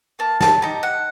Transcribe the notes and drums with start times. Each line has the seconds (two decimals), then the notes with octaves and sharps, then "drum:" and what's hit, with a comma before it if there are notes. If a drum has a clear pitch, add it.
0.19 A#3 A5
0.41 A5, drum: snare
0.62 D#4 G4 A#5
0.83 F#5